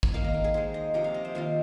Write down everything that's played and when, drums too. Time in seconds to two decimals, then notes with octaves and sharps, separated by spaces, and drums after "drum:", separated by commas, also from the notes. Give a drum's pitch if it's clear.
0.03 drum: kick G#1
0.14 D#3 A#3 D#4 F5
0.24 D#5
0.34 A#4
0.44 G#4
0.54 G#3 D#4 C5
0.74 D#5
0.94 C3 F3 A#3 D#5
1.04 F5
1.14 D#5
1.25 C5
1.35 D#3 A#3 F4 C5